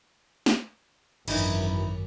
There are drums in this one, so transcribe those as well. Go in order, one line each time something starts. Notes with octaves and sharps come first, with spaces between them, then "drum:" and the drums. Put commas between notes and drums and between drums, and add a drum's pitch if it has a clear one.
drum: snare
G#1 F#2 E3 D#4 E4, drum: cymbal